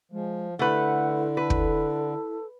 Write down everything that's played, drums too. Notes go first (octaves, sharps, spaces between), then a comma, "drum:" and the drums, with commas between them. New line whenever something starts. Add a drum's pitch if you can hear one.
F3 G#3
D3 A3 E4 B4 F#5
A4 B4
drum: kick